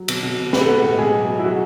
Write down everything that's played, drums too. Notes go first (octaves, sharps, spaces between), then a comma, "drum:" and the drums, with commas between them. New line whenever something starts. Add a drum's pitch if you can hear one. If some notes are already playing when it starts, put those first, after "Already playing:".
Already playing: F#3
B2, drum: cymbal
B2
B2
G#3 B4, drum: snare
A4
G#3 B3 B4
A2
B2 G#3 G#4
F#3
B2
E4
F#3 G#3 F#4